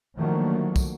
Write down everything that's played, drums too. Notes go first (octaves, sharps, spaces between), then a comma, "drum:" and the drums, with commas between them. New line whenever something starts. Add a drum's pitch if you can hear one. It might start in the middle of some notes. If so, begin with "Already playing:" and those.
D3 D#3 F3 F#3 A3 A#3
drum: kick, tambourine